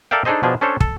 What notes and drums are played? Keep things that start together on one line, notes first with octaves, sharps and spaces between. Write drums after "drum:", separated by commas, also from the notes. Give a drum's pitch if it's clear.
A4 A#4 D5 E5 F5 G5
D4 D#4 G#4 A4 C5 D#5
B2 F3 D4 G#4
C#4 D4 A4 C5 C#5
A4, drum: kick